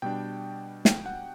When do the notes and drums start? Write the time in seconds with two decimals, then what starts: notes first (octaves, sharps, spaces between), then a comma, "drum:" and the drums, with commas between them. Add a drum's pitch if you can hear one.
0.02 B2 G3 D4 G5
0.85 G5, drum: snare
1.06 F#5